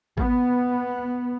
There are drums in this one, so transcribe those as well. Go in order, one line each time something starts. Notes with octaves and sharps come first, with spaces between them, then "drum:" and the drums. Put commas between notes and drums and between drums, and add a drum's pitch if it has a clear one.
B3, drum: kick G#1